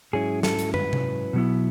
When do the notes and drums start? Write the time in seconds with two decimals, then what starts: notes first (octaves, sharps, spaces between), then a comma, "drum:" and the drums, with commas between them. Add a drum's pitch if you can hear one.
0.13 G#2 F#3 C#4 E4 G#4
0.43 A4, drum: snare
0.59 drum: hi-hat
0.74 B4, drum: tom
0.93 drum: tom C3
1.33 B2 F#3 B3 E4